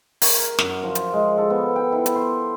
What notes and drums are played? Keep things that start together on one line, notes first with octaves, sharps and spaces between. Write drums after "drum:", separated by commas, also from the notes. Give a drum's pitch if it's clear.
A#4, drum: open hi-hat
F#2, drum: snare
F3
drum: hi-hat
G#3
A4
B3
G5
E4
drum: hi-hat
C6